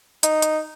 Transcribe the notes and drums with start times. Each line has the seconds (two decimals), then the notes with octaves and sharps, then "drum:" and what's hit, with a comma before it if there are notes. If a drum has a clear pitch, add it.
0.23 D#4, drum: hi-hat
0.42 drum: hi-hat